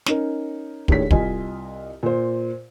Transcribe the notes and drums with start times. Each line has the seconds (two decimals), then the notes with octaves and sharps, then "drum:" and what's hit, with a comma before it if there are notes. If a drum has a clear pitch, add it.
0.06 C#4 D#4 A#4, drum: snare
0.88 D#2 A2 D4 G#4 C#5 B6, drum: kick
1.11 C2 F4 D#5 G#5, drum: kick
2.03 A#2 C5